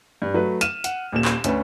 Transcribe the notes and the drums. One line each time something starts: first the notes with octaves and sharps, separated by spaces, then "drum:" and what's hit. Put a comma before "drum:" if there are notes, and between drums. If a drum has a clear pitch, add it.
G2
F#3 A3 B4
F6 D#7 E7, drum: hi-hat
F#5, drum: hi-hat
D#1 A#2 E7
drum: clap
D2 C#4 B4, drum: hi-hat